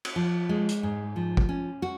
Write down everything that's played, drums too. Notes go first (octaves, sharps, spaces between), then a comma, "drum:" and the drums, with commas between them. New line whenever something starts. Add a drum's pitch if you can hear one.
drum: cymbal
F3
G#3
drum: hi-hat
G#2
F3
drum: kick
C#4
F#4